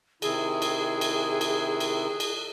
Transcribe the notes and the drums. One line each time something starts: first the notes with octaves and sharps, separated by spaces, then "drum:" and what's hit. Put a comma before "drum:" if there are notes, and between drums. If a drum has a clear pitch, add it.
C3 D#3 E4 G#4, drum: cymbal
drum: cymbal
drum: cymbal
drum: cymbal
drum: cymbal
drum: cymbal